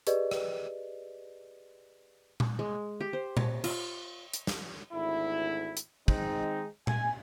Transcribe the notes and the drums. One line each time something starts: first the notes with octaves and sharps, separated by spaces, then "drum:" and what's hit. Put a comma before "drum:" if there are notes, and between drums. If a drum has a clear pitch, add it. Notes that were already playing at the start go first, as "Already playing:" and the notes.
G4 G#4 B4 D5 D#5, drum: hi-hat
drum: rim click
drum: tom A#2
G#3
G4
C5
C#5, drum: tom A#2
F4, drum: cymbal
drum: hi-hat
drum: snare
G#1 D2 E4
drum: hi-hat
D#3 G#3 C4 D#4, drum: kick
G#5, drum: tom A#2